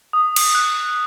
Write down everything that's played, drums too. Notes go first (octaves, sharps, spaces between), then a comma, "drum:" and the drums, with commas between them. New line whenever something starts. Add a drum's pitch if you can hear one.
D#6
drum: cymbal
F#6